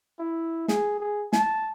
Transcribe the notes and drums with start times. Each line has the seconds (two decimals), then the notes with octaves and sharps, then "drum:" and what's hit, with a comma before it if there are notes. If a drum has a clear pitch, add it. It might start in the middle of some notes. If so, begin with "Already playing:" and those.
0.19 E4
0.68 G#4, drum: snare
1.00 G#4
1.33 A5, drum: snare